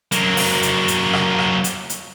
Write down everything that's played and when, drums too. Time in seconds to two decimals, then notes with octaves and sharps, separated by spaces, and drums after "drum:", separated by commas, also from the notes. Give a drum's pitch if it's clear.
0.12 F#3 A#3, drum: hi-hat
0.37 drum: open hi-hat
0.63 drum: hi-hat
0.88 drum: hi-hat
1.13 drum: rim click
1.39 drum: rim click
1.64 drum: hi-hat
1.90 drum: hi-hat